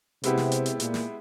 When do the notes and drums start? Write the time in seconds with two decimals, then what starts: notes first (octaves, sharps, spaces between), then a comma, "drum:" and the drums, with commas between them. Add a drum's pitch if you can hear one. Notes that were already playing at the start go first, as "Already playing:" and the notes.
0.23 C3 G#3 B3 E4 G4, drum: hi-hat
0.37 drum: snare
0.52 drum: hi-hat
0.66 drum: hi-hat
0.80 A#2, drum: hi-hat
0.94 drum: snare